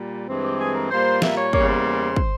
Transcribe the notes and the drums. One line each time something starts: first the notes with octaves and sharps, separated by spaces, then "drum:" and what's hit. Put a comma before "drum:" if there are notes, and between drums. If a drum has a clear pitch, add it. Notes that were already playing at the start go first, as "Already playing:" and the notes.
Already playing: A#2 G3
G2 E3 G#3 C4
G4
G#4
A#4
A#2 G3 A#3 C5
E5, drum: snare
C#5
E2 C#3 G3 A#3 C#5, drum: kick
C5
drum: kick